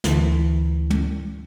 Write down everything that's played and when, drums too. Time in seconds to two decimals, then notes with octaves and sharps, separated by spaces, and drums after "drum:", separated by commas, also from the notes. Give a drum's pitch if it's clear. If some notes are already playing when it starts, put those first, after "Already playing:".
0.04 D2 E3, drum: snare
0.90 drum: tom